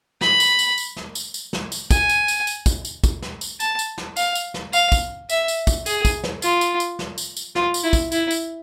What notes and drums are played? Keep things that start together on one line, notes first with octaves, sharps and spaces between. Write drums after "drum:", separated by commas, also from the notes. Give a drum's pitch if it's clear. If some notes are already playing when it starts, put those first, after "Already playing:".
B5, drum: snare
drum: tambourine
drum: tambourine
drum: tambourine
drum: snare
drum: tambourine
drum: tambourine
drum: snare
drum: tambourine
G#5, drum: kick, tambourine
drum: tambourine
drum: tambourine
drum: tambourine
drum: kick, tambourine
drum: tambourine
drum: kick, tambourine
drum: snare
drum: tambourine
A5, drum: tambourine
drum: tambourine
drum: snare
F5, drum: tambourine
drum: tambourine
drum: snare
F5, drum: tambourine
drum: kick, tambourine
E5, drum: tambourine
drum: tambourine
drum: kick, tambourine
G#4, drum: tambourine
drum: kick, tambourine
drum: snare
F4, drum: tambourine
drum: tambourine
drum: tambourine
drum: snare
drum: tambourine
drum: tambourine
F4, drum: snare
drum: tambourine
E4
drum: kick, tambourine
E4, drum: tambourine
drum: tambourine